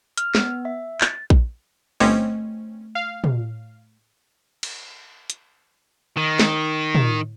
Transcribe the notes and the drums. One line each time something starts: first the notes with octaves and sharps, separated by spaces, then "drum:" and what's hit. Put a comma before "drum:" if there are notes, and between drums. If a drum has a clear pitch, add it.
F6, drum: hi-hat
B3, drum: snare
E5
A6, drum: clap
drum: kick A#1
G1 A3 C4 C#4, drum: open hi-hat
F5
drum: tom
drum: cymbal
drum: hi-hat
D#3
drum: snare
drum: tom